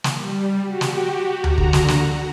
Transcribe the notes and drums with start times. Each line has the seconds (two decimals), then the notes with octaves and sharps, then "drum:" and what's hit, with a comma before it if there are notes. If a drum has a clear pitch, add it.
0.04 drum: snare
0.15 G3
0.66 F#4 G4
0.81 drum: snare
1.44 D3 F#4 A#5, drum: tom D2
1.58 drum: kick
1.73 drum: snare
1.88 drum: snare